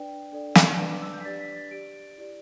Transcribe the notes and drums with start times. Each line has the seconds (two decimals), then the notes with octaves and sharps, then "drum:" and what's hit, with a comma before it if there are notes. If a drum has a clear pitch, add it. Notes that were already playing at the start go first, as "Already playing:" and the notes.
Already playing: D4 B4 D5 G5
0.32 D4 A4 D5
0.55 drum: snare
0.78 D4 B4 D5 A5
0.90 D6
1.02 E6
1.13 G6
1.20 B6
1.25 D4 G4 B4 D5 A6
1.40 B6
1.56 A6
1.71 G4 D5 D7
2.18 E4 G4 D5